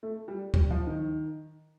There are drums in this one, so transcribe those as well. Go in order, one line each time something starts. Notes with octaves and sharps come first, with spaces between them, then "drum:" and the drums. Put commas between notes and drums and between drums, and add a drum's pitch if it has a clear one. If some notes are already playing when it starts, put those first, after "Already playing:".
A3
G3
G3, drum: kick D2
F3
D#3